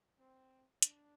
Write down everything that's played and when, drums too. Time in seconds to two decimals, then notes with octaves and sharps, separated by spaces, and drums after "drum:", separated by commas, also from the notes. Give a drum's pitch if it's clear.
0.18 C4
0.82 D4, drum: hi-hat